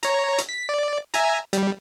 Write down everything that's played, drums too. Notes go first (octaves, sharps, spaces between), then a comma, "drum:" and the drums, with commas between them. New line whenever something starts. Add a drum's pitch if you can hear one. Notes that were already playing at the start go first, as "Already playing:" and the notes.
C#5 A#5, drum: hi-hat
drum: hi-hat
B6
D5
E5 G#5 A#5, drum: hi-hat
G3, drum: hi-hat